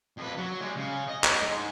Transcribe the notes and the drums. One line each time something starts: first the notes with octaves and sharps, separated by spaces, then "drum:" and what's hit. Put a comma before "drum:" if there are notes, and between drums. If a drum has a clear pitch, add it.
F2 B4
F#3
G3 G#3
C#3
D#5
drum: clap
G#2